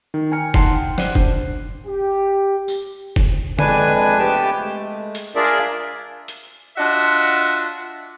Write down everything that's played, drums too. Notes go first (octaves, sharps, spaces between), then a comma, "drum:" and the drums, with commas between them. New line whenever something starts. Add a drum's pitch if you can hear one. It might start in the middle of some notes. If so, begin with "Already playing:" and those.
D#3
G5 G#5 A#5 F6 C#7
D#4 F#5 A5 C6 C7, drum: kick F#1
G5
C5 D5 F#5 F#6 C7 D#7, drum: snare
D4, drum: kick F#1
G4
drum: tambourine
drum: kick F#1
F2 G#3 D4 B4 G#5, drum: tom D3
C3 A3 B3 G4 G5 A5
G#3 A3
drum: hi-hat
D4 F4 G#4 A#4 D5 E5
drum: hi-hat
D4 F4 F#4 D#5 E5